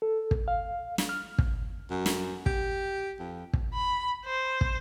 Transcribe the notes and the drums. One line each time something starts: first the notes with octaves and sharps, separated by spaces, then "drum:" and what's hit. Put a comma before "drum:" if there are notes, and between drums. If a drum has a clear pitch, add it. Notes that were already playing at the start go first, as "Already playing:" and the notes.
A4
drum: kick
F5
drum: snare
F6
drum: kick
F#2
drum: snare
G4, drum: kick
F2
drum: kick
B5
C5
drum: kick